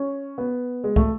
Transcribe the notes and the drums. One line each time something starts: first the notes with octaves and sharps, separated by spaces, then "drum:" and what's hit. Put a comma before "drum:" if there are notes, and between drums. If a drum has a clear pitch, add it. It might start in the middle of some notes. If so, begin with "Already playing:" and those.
Already playing: C#4
B3
G#3
A3, drum: kick